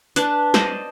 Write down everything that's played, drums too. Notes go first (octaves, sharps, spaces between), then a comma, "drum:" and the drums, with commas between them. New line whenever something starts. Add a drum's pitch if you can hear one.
D4 B4 A5, drum: hi-hat
C5 D5 D#5, drum: snare